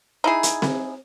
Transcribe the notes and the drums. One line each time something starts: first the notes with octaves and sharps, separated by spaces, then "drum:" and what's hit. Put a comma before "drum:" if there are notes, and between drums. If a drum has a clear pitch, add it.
D#4 E4 G#4
drum: hi-hat
drum: snare C4